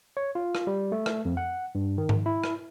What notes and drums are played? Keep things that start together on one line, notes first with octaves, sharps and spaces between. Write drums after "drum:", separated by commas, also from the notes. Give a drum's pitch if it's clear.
C#5
F4
drum: rim click
G3
A3
drum: rim click
F2
F#5
G2
D#3
drum: tom G#2
E4
drum: rim click